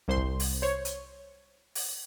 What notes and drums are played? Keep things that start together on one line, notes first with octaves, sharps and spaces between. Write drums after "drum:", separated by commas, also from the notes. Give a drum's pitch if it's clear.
C2 C5 C6
drum: kick G1
drum: open hi-hat
C5 C#5
drum: hi-hat
drum: open hi-hat